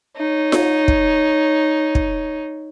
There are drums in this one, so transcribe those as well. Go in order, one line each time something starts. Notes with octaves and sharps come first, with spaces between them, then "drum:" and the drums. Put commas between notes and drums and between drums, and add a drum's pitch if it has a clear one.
D#4 C#5
drum: snare F4
drum: kick
drum: kick